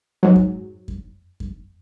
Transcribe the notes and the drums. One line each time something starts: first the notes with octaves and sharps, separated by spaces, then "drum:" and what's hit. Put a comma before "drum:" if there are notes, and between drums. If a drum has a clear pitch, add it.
G#2 F#3
drum: kick F#2
drum: kick F#2
drum: kick F#2